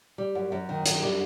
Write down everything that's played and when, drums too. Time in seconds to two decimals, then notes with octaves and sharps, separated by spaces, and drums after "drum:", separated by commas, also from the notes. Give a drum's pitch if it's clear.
0.18 G3
0.35 F#2
0.52 F#2
0.69 D#3
0.86 F#2, drum: hi-hat
1.03 G3